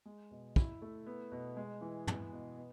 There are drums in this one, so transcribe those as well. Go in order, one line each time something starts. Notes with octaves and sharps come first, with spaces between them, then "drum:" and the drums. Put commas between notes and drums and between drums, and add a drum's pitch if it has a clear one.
G#3
B2
E4, drum: kick
A3
B3
B2
G#3
E3
B3, drum: tom
B2
B3